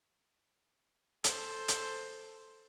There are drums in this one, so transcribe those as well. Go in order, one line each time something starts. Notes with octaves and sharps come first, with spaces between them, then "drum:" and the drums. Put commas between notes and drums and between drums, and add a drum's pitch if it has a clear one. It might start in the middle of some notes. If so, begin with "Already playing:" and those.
A4 C5, drum: hi-hat
drum: hi-hat